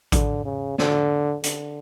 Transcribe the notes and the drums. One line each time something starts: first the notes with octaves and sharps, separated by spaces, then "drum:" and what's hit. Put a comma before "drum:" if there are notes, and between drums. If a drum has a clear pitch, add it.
D3, drum: kick A1, hi-hat
C#3
D3, drum: snare
D3, drum: hi-hat